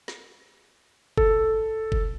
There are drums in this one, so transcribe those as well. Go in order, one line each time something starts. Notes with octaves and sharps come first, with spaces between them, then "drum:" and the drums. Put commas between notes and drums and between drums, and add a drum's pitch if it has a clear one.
drum: snare
A4, drum: kick F#1
drum: kick F#1